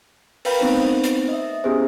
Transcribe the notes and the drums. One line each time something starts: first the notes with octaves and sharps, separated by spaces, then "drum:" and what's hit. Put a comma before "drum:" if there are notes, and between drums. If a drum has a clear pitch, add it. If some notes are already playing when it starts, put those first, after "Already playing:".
A#4 B4 F5 G5 B5, drum: open hi-hat
A3 B3 C4 D#4 C5
drum: hi-hat
D#5 E5
B3 C#4 E4 G4 G#4 C5